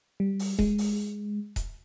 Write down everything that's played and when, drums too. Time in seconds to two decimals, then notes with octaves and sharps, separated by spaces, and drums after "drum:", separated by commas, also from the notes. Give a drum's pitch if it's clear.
0.20 G3
0.39 drum: open hi-hat
0.59 G#3, drum: kick D#1
0.78 drum: open hi-hat
1.56 drum: kick D#1, hi-hat